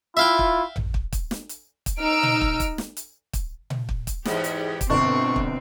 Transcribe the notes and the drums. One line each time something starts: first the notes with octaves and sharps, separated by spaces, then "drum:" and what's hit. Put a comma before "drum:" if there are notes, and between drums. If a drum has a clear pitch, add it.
E4 F4 E5 F5 G5
drum: kick
drum: tom A1
drum: kick
drum: kick, hi-hat
drum: snare
drum: hi-hat
drum: kick, hi-hat
D#4 E6 F6 D7
drum: tom A#2
drum: kick
drum: kick, hi-hat
drum: snare
drum: hi-hat
drum: kick, hi-hat
drum: tom A#2
drum: kick
drum: kick, hi-hat
E2 G#2 G4, drum: snare
drum: hi-hat
drum: kick, hi-hat
G1 B2 C4 D4 C#6
drum: kick